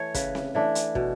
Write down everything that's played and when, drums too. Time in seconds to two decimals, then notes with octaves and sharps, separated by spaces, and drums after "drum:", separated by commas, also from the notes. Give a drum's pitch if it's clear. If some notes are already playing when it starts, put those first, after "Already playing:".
Already playing: E3 A3 C#5
0.14 C#3 B4, drum: kick, hi-hat
0.35 drum: snare C4
0.55 E3 A3 D4
0.75 drum: hi-hat
0.95 B2, drum: kick